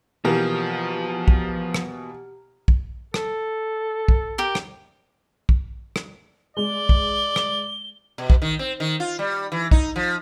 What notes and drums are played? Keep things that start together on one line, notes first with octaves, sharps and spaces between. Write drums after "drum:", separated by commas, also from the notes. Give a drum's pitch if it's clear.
B2 E3 F3 A#3 G4 A#5 F6
drum: kick
drum: rim click
drum: kick
A4, drum: rim click
drum: kick
G4 A#4
drum: rim click
drum: kick
drum: rim click
G#3 D5 G7
drum: kick
drum: rim click
B2
drum: kick
D#3
C4
D#3
F4
G3
E3
D#4, drum: kick
F3